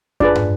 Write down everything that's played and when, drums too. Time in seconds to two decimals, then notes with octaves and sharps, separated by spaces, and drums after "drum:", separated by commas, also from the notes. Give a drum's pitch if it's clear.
0.20 D4 F4 G#4 B4 D5, drum: kick F2
0.35 drum: tom